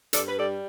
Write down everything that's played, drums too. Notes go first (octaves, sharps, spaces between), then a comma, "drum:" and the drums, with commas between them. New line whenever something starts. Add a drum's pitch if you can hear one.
G2 A4 D5, drum: hi-hat
B4
G3 A4 D5